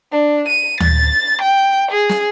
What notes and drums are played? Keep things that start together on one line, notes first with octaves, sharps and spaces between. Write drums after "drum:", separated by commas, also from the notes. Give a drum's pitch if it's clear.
D4
D#7
A6, drum: tom D2
G5
G#4
drum: snare